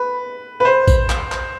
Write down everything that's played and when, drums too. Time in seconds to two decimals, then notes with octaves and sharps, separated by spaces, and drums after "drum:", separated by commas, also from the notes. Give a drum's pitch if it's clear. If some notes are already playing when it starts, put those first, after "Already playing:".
Already playing: B4
0.60 B4
0.65 C5
0.88 drum: kick A#1, tambourine
1.10 drum: clap
1.32 drum: clap